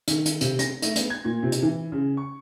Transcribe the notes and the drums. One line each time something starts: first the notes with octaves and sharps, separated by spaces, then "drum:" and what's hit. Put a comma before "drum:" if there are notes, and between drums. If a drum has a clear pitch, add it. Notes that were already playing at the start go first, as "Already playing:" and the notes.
D#3, drum: hi-hat
drum: hi-hat
C3, drum: hi-hat
A#6, drum: hi-hat
A3, drum: hi-hat
B3, drum: hi-hat
G#6
A#2
C3
drum: hi-hat
E3
C#3
C#6